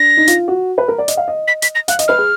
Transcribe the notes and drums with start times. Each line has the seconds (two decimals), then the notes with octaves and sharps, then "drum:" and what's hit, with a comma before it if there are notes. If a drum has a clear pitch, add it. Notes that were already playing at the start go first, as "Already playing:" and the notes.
Already playing: D4 A#6
0.17 D#4
0.28 F4, drum: hi-hat
0.48 F#4
0.78 B4
0.88 A#4
0.98 D5
1.08 D#5, drum: hi-hat
1.17 F5
1.28 D#5
1.48 B6
1.62 B6, drum: hi-hat
1.75 A#6
1.88 F5 F#6, drum: hi-hat
1.99 D#5, drum: hi-hat
2.08 B4 F6
2.18 G#4